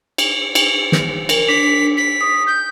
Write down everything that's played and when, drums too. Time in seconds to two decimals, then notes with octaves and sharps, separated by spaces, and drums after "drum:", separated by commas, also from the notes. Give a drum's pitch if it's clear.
0.18 drum: cymbal
0.55 drum: cymbal
0.92 drum: snare
1.29 A#4, drum: cymbal
1.49 D4 B6
1.97 B6
2.21 D#6
2.47 G6